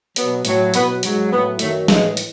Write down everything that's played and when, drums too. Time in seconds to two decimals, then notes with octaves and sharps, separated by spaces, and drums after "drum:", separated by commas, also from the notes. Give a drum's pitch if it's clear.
0.16 B2 F#3 B3, drum: hi-hat
0.45 A2 F#3, drum: hi-hat
0.74 B2 F#3 B3, drum: hi-hat
1.03 G#2 F#3, drum: hi-hat
1.31 A2 F#3 B3
1.59 F#2 D#3 F#3 A3, drum: hi-hat
1.88 A2 E3 G#3, drum: snare
2.17 drum: hi-hat